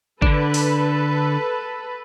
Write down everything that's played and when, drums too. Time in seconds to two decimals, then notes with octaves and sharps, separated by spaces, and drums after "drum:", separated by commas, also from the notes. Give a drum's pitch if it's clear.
0.22 D3 D4 A4 B4, drum: kick G1
0.54 drum: open hi-hat